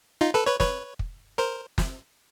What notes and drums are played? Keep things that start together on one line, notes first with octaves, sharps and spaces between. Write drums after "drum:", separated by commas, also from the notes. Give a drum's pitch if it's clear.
D#4 F4
A4 B4
B4 C#5
B4 C#5, drum: snare
drum: kick
A#4 C5
drum: snare